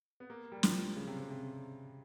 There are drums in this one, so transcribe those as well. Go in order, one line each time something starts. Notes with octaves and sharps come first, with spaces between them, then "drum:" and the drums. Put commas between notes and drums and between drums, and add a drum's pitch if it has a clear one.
B3
A#3
G3
F3, drum: snare
C#3
C3
C3
C3